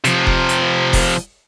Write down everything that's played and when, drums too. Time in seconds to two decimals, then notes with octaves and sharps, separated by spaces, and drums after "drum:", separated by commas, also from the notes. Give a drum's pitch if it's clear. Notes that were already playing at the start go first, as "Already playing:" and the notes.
0.05 C3 F3, drum: hi-hat
0.27 drum: kick E1
0.49 drum: hi-hat
0.93 drum: kick E1, open hi-hat